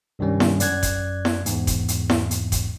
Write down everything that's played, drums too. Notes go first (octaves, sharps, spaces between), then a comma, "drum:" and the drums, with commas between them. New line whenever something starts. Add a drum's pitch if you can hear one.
C2 G2 D#3 G3 C#4
drum: snare E4
F#2 D5 F#6 G#6, drum: hi-hat
drum: kick F1, hi-hat
drum: snare E4
E2 G#2, drum: hi-hat
drum: kick F1, hi-hat
drum: hi-hat
drum: snare E4
drum: hi-hat
drum: kick F1, hi-hat